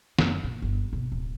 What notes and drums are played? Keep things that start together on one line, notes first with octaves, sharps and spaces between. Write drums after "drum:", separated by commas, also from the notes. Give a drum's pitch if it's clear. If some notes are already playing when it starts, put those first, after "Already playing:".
F#2, drum: snare
A#2
G1
B2
D1